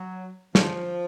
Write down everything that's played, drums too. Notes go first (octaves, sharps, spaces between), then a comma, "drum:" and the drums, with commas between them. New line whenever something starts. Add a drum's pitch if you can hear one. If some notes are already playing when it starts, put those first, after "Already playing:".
Already playing: F#3
F3, drum: snare